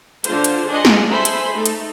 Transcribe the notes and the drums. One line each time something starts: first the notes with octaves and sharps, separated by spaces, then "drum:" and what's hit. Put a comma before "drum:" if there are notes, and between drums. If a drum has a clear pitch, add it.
D3 F4 C5, drum: hi-hat
drum: hi-hat
D4 G#4 D#5 F#5 G#5 C6
drum: snare
A4 C5 E5 G#5 B5 C6
drum: hi-hat
A3 D#4 A4
drum: hi-hat